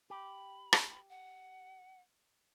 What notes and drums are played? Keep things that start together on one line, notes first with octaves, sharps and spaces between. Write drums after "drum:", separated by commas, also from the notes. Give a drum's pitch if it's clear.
G4 B5
drum: rim click
F#5